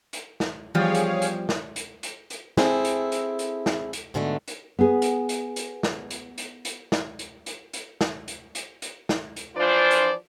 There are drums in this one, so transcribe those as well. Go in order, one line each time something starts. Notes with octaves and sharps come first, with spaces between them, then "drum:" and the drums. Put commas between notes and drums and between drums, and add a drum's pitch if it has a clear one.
drum: hi-hat
drum: snare
E2 F3 G3 G#4 C#5 F5
drum: hi-hat
drum: hi-hat
drum: snare
drum: hi-hat
drum: hi-hat
drum: hi-hat
C4 E4 G#4 A4, drum: snare
drum: hi-hat
drum: hi-hat
drum: hi-hat
drum: snare
drum: hi-hat
G#2 B2 D3 G3 A3
drum: hi-hat
B3 G#4
drum: hi-hat
drum: hi-hat
drum: hi-hat
drum: snare
drum: hi-hat
drum: hi-hat
drum: hi-hat
drum: snare
drum: hi-hat
drum: hi-hat
drum: hi-hat
drum: snare
drum: hi-hat
drum: hi-hat
drum: hi-hat
drum: snare
drum: hi-hat
E3 F3 D4 F4 C5 D5
drum: hi-hat